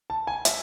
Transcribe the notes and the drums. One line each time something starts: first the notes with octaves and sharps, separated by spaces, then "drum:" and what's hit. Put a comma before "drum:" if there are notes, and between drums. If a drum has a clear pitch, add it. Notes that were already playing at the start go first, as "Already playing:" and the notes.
A5
G#5
E5, drum: hi-hat